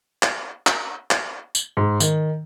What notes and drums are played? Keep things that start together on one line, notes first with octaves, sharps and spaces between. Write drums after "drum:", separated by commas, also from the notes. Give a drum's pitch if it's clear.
drum: clap
drum: clap
drum: clap
drum: tambourine
G#2
D#3, drum: tambourine